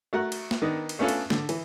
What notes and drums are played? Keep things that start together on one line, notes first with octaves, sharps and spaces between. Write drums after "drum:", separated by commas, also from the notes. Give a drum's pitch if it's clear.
A3 F#4 A#4 F#5
drum: cymbal
drum: snare
D#3 B3 D4 D#4
drum: cymbal
A3 B3 C#4 D4 F4 A4
drum: cymbal
D3, drum: snare
E3, drum: cymbal